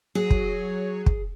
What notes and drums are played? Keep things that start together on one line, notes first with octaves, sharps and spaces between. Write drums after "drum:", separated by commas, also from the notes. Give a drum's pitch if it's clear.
F#3 G#4
drum: kick
drum: kick